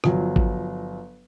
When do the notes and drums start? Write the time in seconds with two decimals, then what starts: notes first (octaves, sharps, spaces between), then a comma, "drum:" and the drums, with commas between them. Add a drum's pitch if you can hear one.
0.04 G1 F3 F#3, drum: rim click
0.36 drum: kick G#1